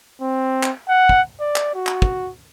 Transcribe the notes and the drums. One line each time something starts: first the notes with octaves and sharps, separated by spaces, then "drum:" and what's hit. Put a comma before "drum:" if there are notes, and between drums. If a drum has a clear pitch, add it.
C4
drum: clap
F#5
drum: kick
D5
drum: clap
F#4
drum: clap
drum: kick